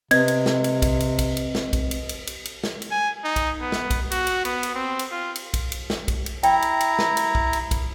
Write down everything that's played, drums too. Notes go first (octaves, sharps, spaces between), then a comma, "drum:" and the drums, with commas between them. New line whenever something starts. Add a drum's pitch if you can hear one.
C3 C4 B4 D#5 G#6, drum: cymbal
drum: cymbal
drum: snare
drum: cymbal
drum: kick B1, cymbal
drum: cymbal
drum: kick B1, cymbal
drum: cymbal
drum: snare
drum: kick B1, cymbal
drum: cymbal
drum: cymbal
drum: cymbal
drum: cymbal
drum: snare
drum: cymbal
G#5
D#4
drum: kick B1, cymbal
B3
drum: snare
drum: kick B1, cymbal
F#4, drum: cymbal
drum: cymbal
B3, drum: cymbal
drum: cymbal
C4
drum: cymbal
F4
drum: cymbal
drum: kick B1, cymbal
drum: cymbal
drum: snare
drum: kick B1, cymbal
drum: cymbal
E4 G5 A#5, drum: cymbal
drum: cymbal
drum: cymbal
drum: snare
drum: cymbal
drum: kick B1
drum: cymbal
drum: kick B1, cymbal